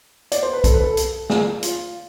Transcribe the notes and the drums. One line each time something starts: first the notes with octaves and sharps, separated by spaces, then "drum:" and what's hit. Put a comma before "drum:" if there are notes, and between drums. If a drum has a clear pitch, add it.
D5, drum: hi-hat
C5
B4
A4, drum: kick B1, hi-hat
B4
A4
drum: hi-hat
G#4, drum: snare
F4, drum: hi-hat